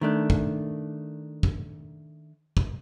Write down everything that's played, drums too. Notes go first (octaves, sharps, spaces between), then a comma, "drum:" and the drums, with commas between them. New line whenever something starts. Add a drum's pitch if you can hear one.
D#3 A3 D4
drum: kick
drum: kick
drum: kick